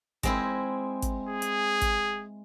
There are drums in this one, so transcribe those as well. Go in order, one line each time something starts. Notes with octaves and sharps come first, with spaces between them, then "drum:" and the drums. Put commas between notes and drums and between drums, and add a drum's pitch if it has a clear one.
G#3 C4 E4, drum: kick, hi-hat
drum: kick, hi-hat
G#4
drum: hi-hat
drum: kick, hi-hat